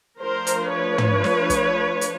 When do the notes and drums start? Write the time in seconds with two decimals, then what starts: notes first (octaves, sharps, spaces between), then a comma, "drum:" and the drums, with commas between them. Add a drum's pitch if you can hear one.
0.21 F3 A3 D4 A#4 C5
0.47 drum: hi-hat
0.72 B4 C#5
0.98 drum: tom
1.24 drum: snare
1.50 drum: kick, hi-hat
2.01 drum: hi-hat